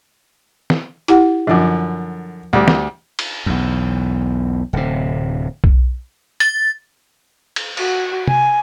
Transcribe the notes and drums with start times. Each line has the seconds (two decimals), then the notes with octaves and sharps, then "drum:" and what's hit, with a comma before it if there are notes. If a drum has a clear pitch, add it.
0.70 drum: snare
1.08 E4 G4 F#5, drum: hi-hat
1.47 F#2 D3 F3 F4
2.53 D2 G3
2.68 drum: snare
3.19 drum: cymbal
3.46 B1 E2
4.73 D1 C3
5.64 drum: kick B1
6.40 A6, drum: hi-hat
7.56 drum: cymbal
7.77 F#4, drum: cymbal
8.27 G#5, drum: tom C3